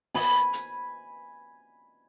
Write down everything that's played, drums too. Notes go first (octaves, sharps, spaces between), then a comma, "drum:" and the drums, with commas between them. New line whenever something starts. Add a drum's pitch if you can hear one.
G#5 B5, drum: open hi-hat
drum: hi-hat